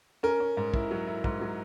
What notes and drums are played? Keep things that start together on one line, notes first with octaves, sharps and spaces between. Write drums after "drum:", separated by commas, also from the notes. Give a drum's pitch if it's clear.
C#4 A#4
C#4
G#2
E4, drum: kick
F#3
E4
G#2, drum: kick
F#3